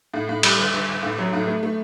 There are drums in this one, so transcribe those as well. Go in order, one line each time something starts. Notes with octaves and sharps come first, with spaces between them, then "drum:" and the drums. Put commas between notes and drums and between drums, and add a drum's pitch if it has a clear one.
A2
A2
G3, drum: cymbal
G1
G1
G1
A2
F#3
A2
A3
A3